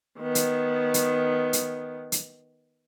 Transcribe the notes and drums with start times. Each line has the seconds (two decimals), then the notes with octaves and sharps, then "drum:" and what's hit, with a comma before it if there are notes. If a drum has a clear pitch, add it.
0.20 D#3 B3
0.35 drum: hi-hat
0.94 drum: hi-hat
1.53 drum: hi-hat
2.12 drum: hi-hat